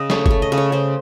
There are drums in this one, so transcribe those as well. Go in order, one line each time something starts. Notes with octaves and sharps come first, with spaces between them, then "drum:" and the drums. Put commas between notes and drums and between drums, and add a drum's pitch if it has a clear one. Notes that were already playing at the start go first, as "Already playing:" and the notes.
Already playing: C#3 D#5
A3 C#5, drum: snare
A3 C#5, drum: kick G1
D#5
C#3
C#5
C#3 C5